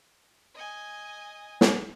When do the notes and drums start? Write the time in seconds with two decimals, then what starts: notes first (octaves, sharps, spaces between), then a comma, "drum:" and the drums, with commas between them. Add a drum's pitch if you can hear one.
0.55 D#5 G#5
1.61 drum: snare